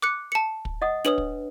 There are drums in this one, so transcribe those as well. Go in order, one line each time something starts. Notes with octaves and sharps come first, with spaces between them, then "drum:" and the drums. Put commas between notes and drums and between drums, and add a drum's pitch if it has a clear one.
D6 F#6 C#7
A5 C#7
drum: kick
D#5 F#5 D#6
D4 B4 C#5 D#6 F#7, drum: snare
drum: kick